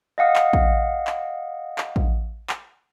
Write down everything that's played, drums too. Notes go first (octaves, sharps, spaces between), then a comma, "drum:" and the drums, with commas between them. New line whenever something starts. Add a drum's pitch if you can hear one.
D#5 F5 F#5 D#6
drum: clap
drum: kick
drum: clap
drum: clap
drum: kick
drum: clap